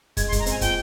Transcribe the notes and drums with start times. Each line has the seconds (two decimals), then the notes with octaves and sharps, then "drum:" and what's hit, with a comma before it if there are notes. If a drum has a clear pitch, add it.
0.17 G#3 G#6, drum: kick, hi-hat
0.28 C6
0.32 G#3, drum: kick, hi-hat
0.39 A#5
0.46 C4 G#5, drum: hi-hat
0.61 A#2 G5, drum: kick, hi-hat